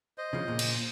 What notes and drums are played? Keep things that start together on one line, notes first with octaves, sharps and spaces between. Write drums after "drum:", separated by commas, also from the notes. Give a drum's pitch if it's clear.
C5 D#5
C#3 F3
A#2
drum: cymbal